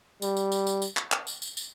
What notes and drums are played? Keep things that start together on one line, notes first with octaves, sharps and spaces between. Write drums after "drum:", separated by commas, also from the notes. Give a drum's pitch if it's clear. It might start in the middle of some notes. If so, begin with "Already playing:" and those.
G3, drum: tambourine
drum: tambourine
drum: tambourine
drum: tambourine
drum: tambourine
drum: clap
drum: clap
drum: tambourine
drum: tambourine
drum: tambourine